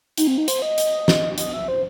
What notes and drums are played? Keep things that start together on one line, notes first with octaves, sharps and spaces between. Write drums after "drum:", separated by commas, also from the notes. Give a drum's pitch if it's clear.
D#4, drum: hi-hat
C4
D#4
C5, drum: hi-hat
D#5
drum: hi-hat
drum: snare
D#5, drum: hi-hat
E5
C5